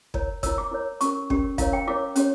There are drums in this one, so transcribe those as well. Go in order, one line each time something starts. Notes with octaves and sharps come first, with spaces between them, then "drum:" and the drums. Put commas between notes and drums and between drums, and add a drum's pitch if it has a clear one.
E4 A#4 C#5, drum: kick
E4 A#4 C#5 E6, drum: kick, hi-hat
D6
E4 A#4 C#5
C#4 G4 A#4 C#6, drum: hi-hat
C#4 G4 A#4, drum: kick
E4 A#4 C#5 F5, drum: kick, hi-hat
G5
E4 A#4 C#5 D6
C#4 G4 C#5, drum: hi-hat